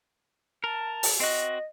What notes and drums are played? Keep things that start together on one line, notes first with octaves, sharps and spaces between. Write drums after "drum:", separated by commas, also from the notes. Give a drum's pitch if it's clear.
A#4 A5
drum: open hi-hat
C4 F#4 D#5